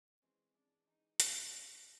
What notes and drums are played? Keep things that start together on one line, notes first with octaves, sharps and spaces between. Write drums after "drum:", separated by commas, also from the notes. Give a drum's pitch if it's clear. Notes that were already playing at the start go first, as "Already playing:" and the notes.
E3 G#3 C4 C#4
E3 G#3 C#4 D4
E3 G#3 C#4 D#4
E3 G#3 C#4 E4, drum: hi-hat
G#3 C4 F4 A#4